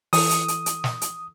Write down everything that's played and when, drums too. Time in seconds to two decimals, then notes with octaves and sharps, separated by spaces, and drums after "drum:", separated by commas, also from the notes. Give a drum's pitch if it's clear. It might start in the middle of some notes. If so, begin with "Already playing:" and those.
0.13 E3 A4 D#6, drum: open hi-hat
0.31 drum: hi-hat
0.48 drum: hi-hat
0.66 drum: hi-hat
0.84 drum: snare
1.01 drum: hi-hat